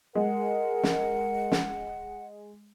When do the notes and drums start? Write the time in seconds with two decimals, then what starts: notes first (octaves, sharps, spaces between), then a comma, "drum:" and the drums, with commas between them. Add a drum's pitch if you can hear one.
0.15 G#3 A#4 F#5
0.83 drum: snare
1.52 drum: snare